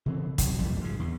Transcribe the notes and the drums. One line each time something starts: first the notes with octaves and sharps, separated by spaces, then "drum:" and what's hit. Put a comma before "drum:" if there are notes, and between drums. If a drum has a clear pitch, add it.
C#3 E3 C4
C2 F#3, drum: kick, hi-hat
A#1 F2 A#2 G3
G#2 C#3
E2